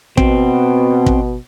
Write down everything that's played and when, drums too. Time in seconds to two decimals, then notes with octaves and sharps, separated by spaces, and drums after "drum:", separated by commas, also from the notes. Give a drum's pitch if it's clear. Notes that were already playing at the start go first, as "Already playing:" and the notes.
0.17 B2 C4, drum: kick
1.06 drum: kick